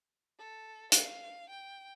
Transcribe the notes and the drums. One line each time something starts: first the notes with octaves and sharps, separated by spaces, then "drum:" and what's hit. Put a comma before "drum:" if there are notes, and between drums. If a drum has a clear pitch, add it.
A4
F5, drum: hi-hat
G5